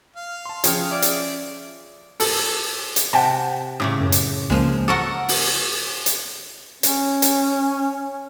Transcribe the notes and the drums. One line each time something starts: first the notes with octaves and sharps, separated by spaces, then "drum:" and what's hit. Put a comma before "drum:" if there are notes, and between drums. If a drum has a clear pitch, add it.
F5
A5 C6
F3 C#4 G#4 C#5 G5 F6, drum: hi-hat
D5 E5
drum: hi-hat
A4, drum: open hi-hat
drum: hi-hat
C3 F#5 G5 A5
A2 C#3 A3 D6
F#2
drum: hi-hat
C#2 F3 G#3 A#3
A4 A#4 F#5 C#6
drum: open hi-hat
drum: hi-hat
C#4, drum: hi-hat
drum: hi-hat